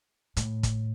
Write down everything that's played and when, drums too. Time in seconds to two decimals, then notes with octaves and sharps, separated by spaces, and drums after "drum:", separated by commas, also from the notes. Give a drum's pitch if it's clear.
0.37 A2, drum: hi-hat
0.63 drum: kick, hi-hat